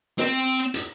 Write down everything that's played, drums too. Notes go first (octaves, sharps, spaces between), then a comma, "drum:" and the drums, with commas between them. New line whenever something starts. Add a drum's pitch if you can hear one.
C4, drum: snare
drum: hi-hat